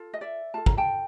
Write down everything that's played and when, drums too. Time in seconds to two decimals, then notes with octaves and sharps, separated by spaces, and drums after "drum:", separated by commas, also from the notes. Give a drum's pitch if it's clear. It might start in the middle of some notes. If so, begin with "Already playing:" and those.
Already playing: F4 A4
0.14 D#5
0.21 D5 E5
0.54 F4 A4 A5
0.66 A#5, drum: kick
0.77 G5 A5